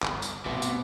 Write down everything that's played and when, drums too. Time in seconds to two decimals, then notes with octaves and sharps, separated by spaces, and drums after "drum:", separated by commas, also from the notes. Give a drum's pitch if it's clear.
0.02 G1, drum: clap
0.22 drum: tambourine
0.45 A1 G2 B2 C4 B4 D5 E5 F#5
0.62 drum: tambourine